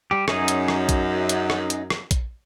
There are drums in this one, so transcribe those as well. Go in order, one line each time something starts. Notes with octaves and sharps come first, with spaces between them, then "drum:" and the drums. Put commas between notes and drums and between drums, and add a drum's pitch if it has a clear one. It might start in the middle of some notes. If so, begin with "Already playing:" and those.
G3 G4
F#2 C#4 D#4 G#4, drum: rim click
drum: hi-hat
drum: rim click
drum: kick A#1, hi-hat
drum: hi-hat
drum: rim click
drum: hi-hat
drum: rim click
drum: kick A#1, hi-hat